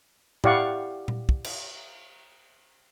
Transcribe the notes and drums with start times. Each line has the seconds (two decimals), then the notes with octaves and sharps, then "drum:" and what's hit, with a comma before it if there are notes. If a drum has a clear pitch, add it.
0.44 E4 G4 D5 F5 F#5 C#6, drum: tom A2
1.08 drum: tom A#2
1.29 drum: kick
1.44 drum: cymbal